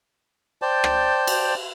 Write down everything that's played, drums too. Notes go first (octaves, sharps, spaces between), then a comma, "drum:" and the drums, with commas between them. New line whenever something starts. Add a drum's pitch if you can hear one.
C5 D5 G5 A5
drum: rim click
drum: cymbal